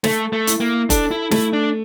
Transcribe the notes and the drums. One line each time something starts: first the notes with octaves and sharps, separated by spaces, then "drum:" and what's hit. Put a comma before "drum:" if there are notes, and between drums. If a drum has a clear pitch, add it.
A3 A4, drum: snare
A3
E4, drum: hi-hat
A#3
D4 A4, drum: kick E1, hi-hat
E4
A3 E4, drum: snare
D4